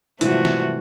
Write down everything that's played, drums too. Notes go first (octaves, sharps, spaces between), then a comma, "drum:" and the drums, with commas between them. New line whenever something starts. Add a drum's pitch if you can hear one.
G#2 C3 E3 F3 G3 A3 F#4, drum: hi-hat
drum: snare